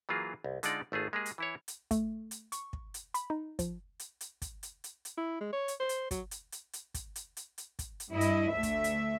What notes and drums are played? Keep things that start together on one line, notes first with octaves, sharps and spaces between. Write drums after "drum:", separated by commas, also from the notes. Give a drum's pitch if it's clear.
E3 F#3 A#3 F4 G#4
C2
D3 G#3 D#4 F4 D5, drum: hi-hat
G#1 A3 F4 G#4
G#3 A#3 G4 G#4
drum: hi-hat
E3 E4 C#5
drum: hi-hat
A3, drum: kick, hi-hat
drum: hi-hat
C#6, drum: hi-hat
drum: kick
drum: hi-hat
B5, drum: hi-hat
D#4
F3, drum: kick, hi-hat
drum: hi-hat
drum: hi-hat
drum: kick, hi-hat
drum: hi-hat
drum: hi-hat
drum: hi-hat
E4
G#3
C#5
drum: hi-hat
C5
drum: hi-hat
F#3, drum: kick, hi-hat
drum: hi-hat
drum: hi-hat
drum: hi-hat
drum: kick, hi-hat
drum: hi-hat
drum: hi-hat
drum: hi-hat
drum: kick, hi-hat
drum: hi-hat
G2 E4 D#5
drum: hi-hat
D2 A3 E5
drum: kick, hi-hat
drum: hi-hat